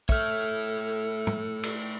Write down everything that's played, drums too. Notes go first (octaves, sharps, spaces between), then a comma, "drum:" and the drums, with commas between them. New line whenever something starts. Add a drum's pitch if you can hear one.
A3 A4 C#5 E5 F6, drum: kick
drum: tom A2
drum: cymbal